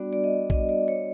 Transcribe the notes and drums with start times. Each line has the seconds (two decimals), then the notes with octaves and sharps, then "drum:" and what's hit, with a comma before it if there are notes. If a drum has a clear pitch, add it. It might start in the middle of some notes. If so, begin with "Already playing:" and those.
Already playing: G3 B3 D4 F#4 D5
0.13 D5
0.24 D#5
0.50 D#5, drum: kick A#1
0.69 D5
0.88 C#5